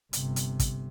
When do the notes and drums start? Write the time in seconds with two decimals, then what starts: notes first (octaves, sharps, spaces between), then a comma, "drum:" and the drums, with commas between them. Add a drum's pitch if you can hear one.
0.13 G1 C3, drum: hi-hat
0.36 drum: hi-hat
0.59 drum: kick, hi-hat